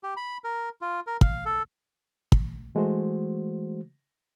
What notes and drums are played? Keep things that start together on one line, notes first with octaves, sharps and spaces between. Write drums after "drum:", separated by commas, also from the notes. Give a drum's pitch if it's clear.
G4
B5
A#4
F4
A#4
F5, drum: kick
A4
drum: kick
E3 G#3 A3 F#4 C5